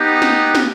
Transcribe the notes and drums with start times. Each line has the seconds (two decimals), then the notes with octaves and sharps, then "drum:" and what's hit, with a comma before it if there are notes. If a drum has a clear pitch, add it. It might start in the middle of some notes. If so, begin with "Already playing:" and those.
Already playing: B3 D#4 G4
0.22 drum: snare
0.55 drum: snare